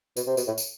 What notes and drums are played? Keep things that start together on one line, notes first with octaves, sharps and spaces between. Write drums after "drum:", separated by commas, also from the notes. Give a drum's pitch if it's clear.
B2, drum: tambourine
C3
B2, drum: tambourine
A2
drum: tambourine